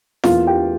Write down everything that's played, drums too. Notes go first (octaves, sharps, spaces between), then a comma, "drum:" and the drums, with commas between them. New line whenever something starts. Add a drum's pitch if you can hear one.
E2 E3 A#3 F4 F5, drum: snare F4
G4 G5